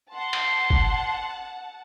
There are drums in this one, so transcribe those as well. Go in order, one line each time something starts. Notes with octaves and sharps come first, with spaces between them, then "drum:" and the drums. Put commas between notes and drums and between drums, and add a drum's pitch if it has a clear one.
F#5 A5 C6
drum: cymbal
drum: kick